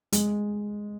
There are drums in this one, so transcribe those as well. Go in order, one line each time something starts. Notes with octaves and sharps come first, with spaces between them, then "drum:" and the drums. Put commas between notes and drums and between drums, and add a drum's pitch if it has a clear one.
G#3, drum: hi-hat